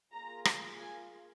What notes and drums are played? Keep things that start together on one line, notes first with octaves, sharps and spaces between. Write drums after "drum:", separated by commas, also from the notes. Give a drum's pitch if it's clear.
A#3 F4 G#4 A#5
drum: rim click
G#5